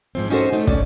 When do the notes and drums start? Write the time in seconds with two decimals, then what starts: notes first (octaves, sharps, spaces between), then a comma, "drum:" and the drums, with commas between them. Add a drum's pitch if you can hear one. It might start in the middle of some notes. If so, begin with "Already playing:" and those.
0.15 G#2 F3 C4
0.30 C#4 D#4 F#4 A4 C5
0.52 A3 D#4
0.67 C#4 A4 D5, drum: kick